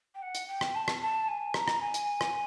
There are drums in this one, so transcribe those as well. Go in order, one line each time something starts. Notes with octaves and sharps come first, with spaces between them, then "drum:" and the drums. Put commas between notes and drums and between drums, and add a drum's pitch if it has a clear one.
G5
F#5
drum: hi-hat
G5
drum: rim click
A5
drum: rim click
A5
G#5
A#5, drum: rim click
drum: rim click
G#5
drum: hi-hat
drum: rim click